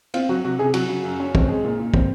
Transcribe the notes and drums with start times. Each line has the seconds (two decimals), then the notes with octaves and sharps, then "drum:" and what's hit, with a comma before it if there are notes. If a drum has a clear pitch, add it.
0.14 C4 F4, drum: cymbal
0.29 F#3 F#4
0.44 C3 F#4
0.59 C3 G#4
0.74 F#3 F#4, drum: cymbal
0.89 C#3
1.04 F#2
1.20 C#4
1.35 C4, drum: kick
1.48 G#3
1.65 A#2
1.80 A#2
1.94 C4, drum: kick